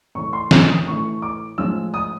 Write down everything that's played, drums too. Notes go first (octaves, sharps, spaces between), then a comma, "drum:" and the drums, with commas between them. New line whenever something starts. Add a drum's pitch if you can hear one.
A2 E3 A3 C#6
C6
E6, drum: snare
D#6
A2 E3 A3 C#6
D6
A2 F3 G#3 E6
D#6